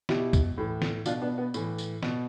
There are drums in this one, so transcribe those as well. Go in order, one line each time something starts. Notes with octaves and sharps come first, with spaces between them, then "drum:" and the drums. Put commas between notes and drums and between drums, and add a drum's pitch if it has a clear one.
B2 E4 G4, drum: snare
drum: kick C#2, tambourine
A2 E3
drum: snare
B2 D4 F4, drum: tambourine
B3 D4
B3
A2 E3, drum: tambourine
drum: tambourine
B2, drum: snare